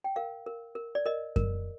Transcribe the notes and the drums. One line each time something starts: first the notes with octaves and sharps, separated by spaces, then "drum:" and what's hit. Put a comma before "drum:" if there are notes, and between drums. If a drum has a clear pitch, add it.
G5
A#4 F5
A#4
A#4
D5
A#4 D#5
A#4, drum: kick F#2